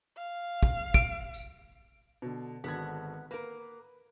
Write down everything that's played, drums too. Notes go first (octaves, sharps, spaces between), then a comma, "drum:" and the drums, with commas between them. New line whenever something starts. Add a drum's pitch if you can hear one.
F5
drum: kick
D7, drum: kick
drum: tambourine
B2 D3
G#1 D3 B3 F#4 G#6
A#3 A#4 B4